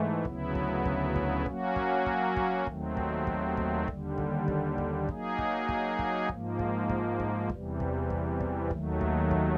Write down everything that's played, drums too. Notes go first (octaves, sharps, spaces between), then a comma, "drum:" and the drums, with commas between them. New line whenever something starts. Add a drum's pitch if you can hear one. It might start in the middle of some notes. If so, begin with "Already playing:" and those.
Already playing: G#2 E3 A3
D2 C#3 F#3 B3 E4, drum: kick
drum: kick
drum: kick
drum: kick
F#3 A#3 C#4 F#4, drum: kick
drum: kick
drum: kick
drum: kick
D#2 D#3 F#3 A3 C4, drum: kick
drum: kick
drum: kick
drum: kick
D#2 D3 G3, drum: kick
drum: kick
drum: kick
drum: kick
F#3 A#3 D#4 G#4, drum: kick
drum: kick
drum: kick
drum: kick
G#2 F3 A#3, drum: kick
drum: kick
drum: kick
drum: kick
E2 C3 E3 G3, drum: kick
drum: kick
drum: kick
drum: kick
D#2 D#3 F#3 A3, drum: kick
drum: kick
drum: kick